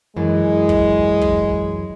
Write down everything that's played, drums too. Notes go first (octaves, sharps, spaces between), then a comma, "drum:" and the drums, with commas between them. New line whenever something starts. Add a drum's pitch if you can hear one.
F#2 E3 G#3
drum: kick
drum: kick